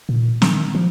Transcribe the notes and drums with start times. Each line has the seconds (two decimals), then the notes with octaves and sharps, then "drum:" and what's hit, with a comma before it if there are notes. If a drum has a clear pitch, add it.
0.09 A#2
0.42 D#3, drum: snare
0.75 F3